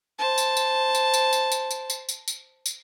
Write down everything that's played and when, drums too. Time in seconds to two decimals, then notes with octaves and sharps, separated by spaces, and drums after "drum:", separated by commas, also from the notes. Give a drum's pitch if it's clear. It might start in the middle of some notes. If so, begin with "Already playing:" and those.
0.19 C5 A5
0.38 drum: tambourine
0.57 drum: tambourine
0.95 drum: tambourine
1.14 drum: tambourine
1.33 drum: tambourine
1.52 drum: tambourine
1.71 drum: tambourine
1.90 drum: tambourine
2.09 drum: tambourine
2.28 drum: tambourine
2.66 drum: tambourine